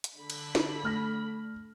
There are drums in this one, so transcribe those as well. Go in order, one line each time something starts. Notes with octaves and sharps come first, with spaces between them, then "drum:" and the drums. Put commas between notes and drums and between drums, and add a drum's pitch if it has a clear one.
drum: hi-hat
D3 B5
drum: cymbal
drum: snare
A3 F6 A#6